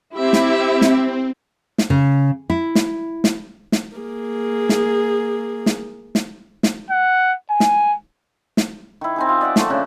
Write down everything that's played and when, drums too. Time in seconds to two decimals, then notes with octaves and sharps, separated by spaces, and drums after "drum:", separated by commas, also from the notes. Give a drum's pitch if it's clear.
0.16 C4 E4 G4 E5
0.33 drum: snare
0.81 drum: snare
1.78 drum: snare
1.90 C#3
2.50 E4
2.75 drum: snare
3.24 drum: snare
3.72 drum: snare
3.97 A#3 G#4
4.69 drum: snare
5.66 drum: snare
6.15 drum: snare
6.63 drum: snare
6.90 F#5
7.50 G#5
7.60 drum: snare
8.57 drum: snare
9.01 D#3 E4
9.16 C4 D#4 G#4
9.29 F4
9.41 D5 E5 F#5 G5
9.56 F3 A3 A#3 C5, drum: snare
9.70 C#3 D4 G#4